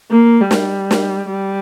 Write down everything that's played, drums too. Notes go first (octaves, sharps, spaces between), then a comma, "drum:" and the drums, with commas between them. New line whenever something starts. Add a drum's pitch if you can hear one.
A#3
G3
drum: snare
drum: snare
G3